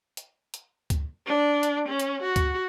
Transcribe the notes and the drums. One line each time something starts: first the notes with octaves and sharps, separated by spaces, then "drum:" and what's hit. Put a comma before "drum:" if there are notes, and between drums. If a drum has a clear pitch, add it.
drum: hi-hat
drum: hi-hat
drum: kick D2, hi-hat
D4
drum: hi-hat
C#4
drum: hi-hat
F#4
drum: kick D2, hi-hat